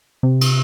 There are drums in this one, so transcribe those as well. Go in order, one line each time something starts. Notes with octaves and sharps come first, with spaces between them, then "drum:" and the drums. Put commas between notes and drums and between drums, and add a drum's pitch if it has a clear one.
C3
drum: cymbal